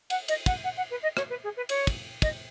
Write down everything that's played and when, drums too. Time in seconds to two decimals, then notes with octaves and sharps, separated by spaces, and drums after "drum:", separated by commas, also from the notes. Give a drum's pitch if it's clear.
0.10 F#5, drum: cymbal
0.28 D#5, drum: cymbal
0.46 F#5, drum: kick, cymbal
0.64 F#5
0.77 F#5
0.91 B4
1.03 D#5
1.17 C#5, drum: rim click
1.30 B4
1.44 G#4
1.57 B4
1.69 C#5, drum: cymbal
1.87 drum: kick, cymbal
2.22 D#5, drum: kick, cymbal